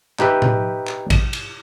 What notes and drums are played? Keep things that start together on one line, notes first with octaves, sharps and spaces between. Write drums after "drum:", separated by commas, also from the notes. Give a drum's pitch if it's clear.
D#4 G4 B4 E5, drum: clap
drum: tom A2
drum: clap
drum: kick, cymbal
drum: cymbal